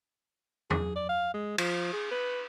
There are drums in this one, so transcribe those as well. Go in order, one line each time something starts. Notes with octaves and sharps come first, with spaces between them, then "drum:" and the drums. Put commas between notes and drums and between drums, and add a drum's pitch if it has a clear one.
G#4, drum: tom E2
D5
F5
G#3
F3, drum: cymbal
G#4
B4